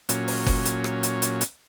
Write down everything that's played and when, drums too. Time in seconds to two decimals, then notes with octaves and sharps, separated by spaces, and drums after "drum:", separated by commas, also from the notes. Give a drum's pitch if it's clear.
0.09 A#2 F#3 C#4, drum: hi-hat
0.28 drum: open hi-hat
0.46 drum: kick F#1, open hi-hat
0.65 drum: hi-hat
0.84 drum: rim click
1.03 drum: hi-hat
1.22 drum: hi-hat
1.41 drum: hi-hat